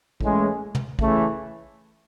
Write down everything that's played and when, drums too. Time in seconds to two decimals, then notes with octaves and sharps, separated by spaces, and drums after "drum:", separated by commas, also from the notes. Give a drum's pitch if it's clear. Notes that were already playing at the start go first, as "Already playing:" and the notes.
0.21 A2 E3 G#3 C#4, drum: kick
0.75 drum: tom
0.99 C#3 E3 A3, drum: kick